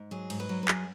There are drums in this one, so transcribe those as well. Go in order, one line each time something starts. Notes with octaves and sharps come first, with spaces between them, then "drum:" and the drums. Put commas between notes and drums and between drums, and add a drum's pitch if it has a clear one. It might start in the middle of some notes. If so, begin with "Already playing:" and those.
Already playing: G#2
F#3 G#4
G#2, drum: cymbal
B4
F#3
B4
F#2 G#4, drum: clap